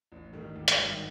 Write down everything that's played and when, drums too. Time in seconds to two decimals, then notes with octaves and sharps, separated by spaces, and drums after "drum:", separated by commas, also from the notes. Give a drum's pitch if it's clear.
0.12 A1
0.33 G2 D#3 G3
0.56 G#1
0.68 drum: hi-hat
0.78 G2 D#3 F#3